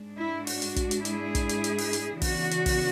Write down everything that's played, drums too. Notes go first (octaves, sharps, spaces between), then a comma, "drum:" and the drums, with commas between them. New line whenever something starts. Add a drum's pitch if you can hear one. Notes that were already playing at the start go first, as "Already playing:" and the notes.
Already playing: G#2 G#3 D4
E4
F#4, drum: open hi-hat
drum: hi-hat
drum: kick, hi-hat
drum: hi-hat
E4 G#4, drum: hi-hat
drum: kick, hi-hat
drum: hi-hat
drum: hi-hat
drum: open hi-hat
drum: hi-hat
C#3 E3 B3 D4 F#4, drum: kick, open hi-hat
drum: hi-hat
drum: kick, open hi-hat